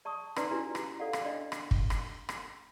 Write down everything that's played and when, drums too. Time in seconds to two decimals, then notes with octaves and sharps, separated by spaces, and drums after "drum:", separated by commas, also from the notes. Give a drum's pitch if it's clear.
0.05 D5 A5 C#6 D#6
0.36 C#4 D#4 B4 D5 A#5 C6, drum: rim click
0.51 E4 F#4 G4 D5 G#5 A#5
0.75 drum: rim click
1.00 A4 D5 F5 F#5
1.13 drum: rim click
1.24 D4 D5 D#5 G5
1.52 drum: rim click
1.71 drum: kick
1.90 drum: rim click
2.29 drum: rim click